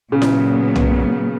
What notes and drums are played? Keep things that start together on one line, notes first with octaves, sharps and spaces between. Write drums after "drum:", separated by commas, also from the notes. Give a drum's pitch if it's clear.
A#2 C#3 F#3 B3
drum: snare E4
drum: tom